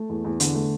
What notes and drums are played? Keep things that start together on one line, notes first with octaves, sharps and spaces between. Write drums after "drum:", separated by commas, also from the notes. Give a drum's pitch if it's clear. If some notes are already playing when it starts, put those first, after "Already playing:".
Already playing: A3
E2
E2
D3, drum: hi-hat
A3